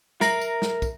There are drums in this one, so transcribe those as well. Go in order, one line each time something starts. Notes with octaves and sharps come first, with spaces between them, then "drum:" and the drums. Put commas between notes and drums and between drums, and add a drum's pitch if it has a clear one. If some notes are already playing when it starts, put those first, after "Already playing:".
A#4 E5 A#5 A#6, drum: snare
drum: tambourine
drum: snare
drum: kick, tambourine